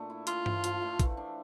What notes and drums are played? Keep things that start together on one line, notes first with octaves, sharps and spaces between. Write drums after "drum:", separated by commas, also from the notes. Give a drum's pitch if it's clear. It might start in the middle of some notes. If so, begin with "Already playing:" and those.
Already playing: A#2 A3 D4
E4
E4 F4, drum: hi-hat
F3, drum: tom G2
F3, drum: hi-hat
A3
E3, drum: kick A#1, hi-hat
D4